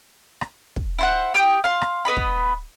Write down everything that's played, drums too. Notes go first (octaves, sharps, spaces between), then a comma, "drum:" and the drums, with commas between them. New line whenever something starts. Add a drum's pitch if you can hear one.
drum: rim click
drum: kick
E4 C5 F#5
G4 G5 D#6 G6
F5 C6
drum: rim click
B3 B4 D#5 B5
drum: kick